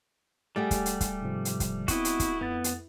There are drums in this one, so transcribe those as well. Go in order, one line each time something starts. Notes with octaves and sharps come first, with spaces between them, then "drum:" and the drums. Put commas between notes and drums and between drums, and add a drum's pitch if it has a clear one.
G3 A3 G4 G#4 F#5 G#5 A6
drum: kick, hi-hat
drum: hi-hat
drum: kick, hi-hat
G#2 C3 F3
drum: hi-hat
drum: kick, hi-hat
B3 C4 E4 F#4 D#5, drum: kick, hi-hat
drum: hi-hat
drum: kick, hi-hat
F2 B3 F#5 A6
drum: hi-hat